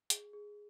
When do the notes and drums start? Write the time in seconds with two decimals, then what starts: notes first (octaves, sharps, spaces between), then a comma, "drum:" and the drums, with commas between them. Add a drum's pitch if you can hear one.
0.10 G#4, drum: hi-hat
0.33 G#4